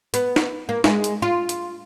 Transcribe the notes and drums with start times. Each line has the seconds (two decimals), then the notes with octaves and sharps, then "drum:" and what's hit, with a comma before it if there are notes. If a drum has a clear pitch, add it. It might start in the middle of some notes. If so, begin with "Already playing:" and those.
0.14 B3, drum: hi-hat
0.36 drum: snare
0.69 A#3
0.84 G#3, drum: snare
1.04 drum: hi-hat
1.22 F4
1.49 drum: hi-hat